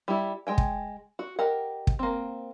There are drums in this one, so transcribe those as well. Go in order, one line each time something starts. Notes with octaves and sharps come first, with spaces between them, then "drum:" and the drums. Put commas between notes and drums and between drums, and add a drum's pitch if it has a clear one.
G3 E4
G#3 G5 G#5
drum: kick
F#4
G4 A#4 D#5 F#5
drum: kick
A#3 C4